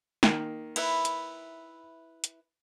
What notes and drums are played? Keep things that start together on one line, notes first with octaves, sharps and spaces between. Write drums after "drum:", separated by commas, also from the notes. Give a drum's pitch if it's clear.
D#3 A#3, drum: snare
E4 B4 E5, drum: cymbal
drum: hi-hat
drum: hi-hat